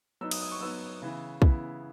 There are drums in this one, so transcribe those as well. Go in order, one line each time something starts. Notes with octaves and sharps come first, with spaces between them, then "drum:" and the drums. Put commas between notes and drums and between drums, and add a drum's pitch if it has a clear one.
F#3 B3 D#4 E6
D#6, drum: cymbal
D#6
C#6
F#3 B3 D#4 E6
C#3 E3 B3 E4
C#3 E3 B3 E4, drum: kick